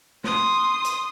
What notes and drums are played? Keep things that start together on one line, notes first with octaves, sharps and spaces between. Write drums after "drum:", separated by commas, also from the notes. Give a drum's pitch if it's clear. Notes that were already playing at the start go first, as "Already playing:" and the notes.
C6 D#6, drum: snare
drum: hi-hat